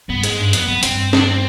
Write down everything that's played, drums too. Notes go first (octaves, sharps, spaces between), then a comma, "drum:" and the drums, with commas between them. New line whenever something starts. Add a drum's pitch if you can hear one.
G2 B3
G#2 G#3, drum: hi-hat
G2
F2 B3, drum: hi-hat
F2 B3
G2 C4, drum: hi-hat
D4, drum: snare
C4